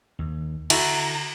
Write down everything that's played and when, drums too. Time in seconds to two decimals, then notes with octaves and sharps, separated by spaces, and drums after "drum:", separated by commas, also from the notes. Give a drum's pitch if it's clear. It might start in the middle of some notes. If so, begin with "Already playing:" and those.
0.19 D#2
0.70 D3 E4 F#4 A4 A#5, drum: cymbal